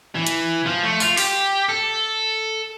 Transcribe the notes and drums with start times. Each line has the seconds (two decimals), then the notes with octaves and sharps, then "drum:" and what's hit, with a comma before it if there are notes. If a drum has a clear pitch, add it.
0.15 E3
0.27 drum: hi-hat
0.66 F3
0.83 A3
1.00 F4, drum: tambourine
1.17 G4, drum: open hi-hat
1.69 A4